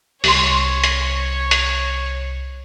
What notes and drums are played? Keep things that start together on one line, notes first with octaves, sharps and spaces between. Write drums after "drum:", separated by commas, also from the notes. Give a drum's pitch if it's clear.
C2 G4 C#5 C6, drum: open hi-hat
drum: hi-hat
drum: hi-hat